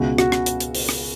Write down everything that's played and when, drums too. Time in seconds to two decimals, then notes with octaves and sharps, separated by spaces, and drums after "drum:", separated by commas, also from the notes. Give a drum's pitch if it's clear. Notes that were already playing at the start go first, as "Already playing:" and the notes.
Already playing: C#2 B2 F#4
0.18 F#4, drum: rim click
0.32 drum: rim click
0.46 drum: hi-hat
0.60 drum: hi-hat
0.75 drum: open hi-hat
0.89 drum: rim click